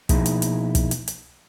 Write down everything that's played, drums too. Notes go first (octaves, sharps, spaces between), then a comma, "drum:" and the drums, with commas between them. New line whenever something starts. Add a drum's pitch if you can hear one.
B2 F3 A#3 D#4 E4 G#4, drum: kick, hi-hat
drum: hi-hat
drum: hi-hat
drum: kick, hi-hat
drum: hi-hat
drum: hi-hat